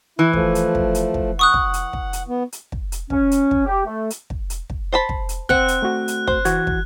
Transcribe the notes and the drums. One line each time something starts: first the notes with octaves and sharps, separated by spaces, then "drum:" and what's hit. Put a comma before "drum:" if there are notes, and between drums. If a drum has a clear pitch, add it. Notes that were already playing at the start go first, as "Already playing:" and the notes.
E3 E4
F3 A3, drum: kick
drum: hi-hat
drum: kick
drum: hi-hat
drum: kick
F#5 C#6 D#6 F#6
drum: kick
drum: hi-hat
drum: kick
drum: hi-hat
B3
drum: hi-hat
drum: kick
drum: hi-hat
C#4, drum: kick
drum: hi-hat
drum: kick
G4
A3
drum: hi-hat
drum: kick
drum: hi-hat
drum: kick
C5 A5 B5
drum: kick
drum: hi-hat
C4 F#5 F#6, drum: kick
drum: hi-hat
A3 F#4
drum: hi-hat
C5, drum: kick
E3 F#4 G#6, drum: hi-hat
drum: kick